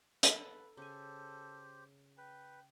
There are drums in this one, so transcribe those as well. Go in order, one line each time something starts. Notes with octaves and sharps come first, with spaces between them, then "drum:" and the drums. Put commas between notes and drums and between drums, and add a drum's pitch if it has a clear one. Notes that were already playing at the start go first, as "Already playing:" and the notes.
A4 B4, drum: hi-hat
C#3 G4 A4 C5 G#5
B4 G5